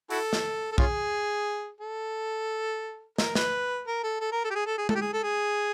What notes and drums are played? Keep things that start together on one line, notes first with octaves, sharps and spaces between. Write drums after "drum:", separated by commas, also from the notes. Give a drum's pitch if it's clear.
E4 F#4 A4, drum: open hi-hat
drum: snare
A4
C#4 F4 G#4, drum: kick
A4
A#4, drum: snare
B4, drum: snare
A#4
A4
A4
A#4
A4
G4
G#4
A4
G#4
A4, drum: tom G#3
G4
G#4
A4
G#4